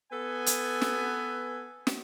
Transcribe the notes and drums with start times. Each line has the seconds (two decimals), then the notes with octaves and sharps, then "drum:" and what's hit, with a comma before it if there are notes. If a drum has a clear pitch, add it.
0.11 B3 A4 B4 G#5
0.46 drum: hi-hat
0.81 drum: snare
1.87 drum: snare